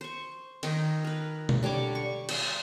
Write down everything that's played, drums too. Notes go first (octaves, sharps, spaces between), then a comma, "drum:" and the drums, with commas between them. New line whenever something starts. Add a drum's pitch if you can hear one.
C5 C#6
D#3 D#4, drum: cymbal
A#4 B4
drum: tom B2
D3 G3 C#5 D6
C#6
C5 D5 C6, drum: cymbal